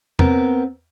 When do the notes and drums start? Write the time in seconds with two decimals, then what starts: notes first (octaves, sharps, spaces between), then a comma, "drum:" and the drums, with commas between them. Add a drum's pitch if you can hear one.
0.19 B3 C4 A#4, drum: tom E2